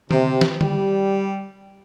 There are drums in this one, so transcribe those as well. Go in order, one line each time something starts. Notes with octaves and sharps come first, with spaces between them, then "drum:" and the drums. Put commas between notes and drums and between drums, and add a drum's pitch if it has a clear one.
C3, drum: tom D3
drum: snare
G3, drum: tom D3